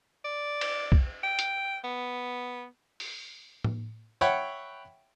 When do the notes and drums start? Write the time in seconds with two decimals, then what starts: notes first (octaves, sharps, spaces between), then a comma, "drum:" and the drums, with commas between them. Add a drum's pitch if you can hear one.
0.25 D5
0.61 drum: cymbal
0.92 drum: kick
1.23 G5
1.39 drum: hi-hat
1.84 B3
3.00 drum: open hi-hat
3.64 drum: tom A2
4.21 C#5 E5 F#5 G5 B5, drum: tambourine